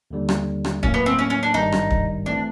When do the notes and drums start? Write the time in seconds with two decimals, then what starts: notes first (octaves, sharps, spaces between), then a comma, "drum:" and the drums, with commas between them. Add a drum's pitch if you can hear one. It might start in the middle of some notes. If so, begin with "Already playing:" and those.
0.11 D#2 D3 G3
0.29 drum: rim click
0.65 drum: rim click
0.83 A2 F#3 A#3 C#4, drum: kick
0.94 B3
1.06 C4
1.19 C#4
1.30 C#4
1.43 D4
1.54 G#1 G2 D#3 G3 D#4
1.72 drum: rim click
1.90 drum: kick
2.26 E3 A3 C4 D4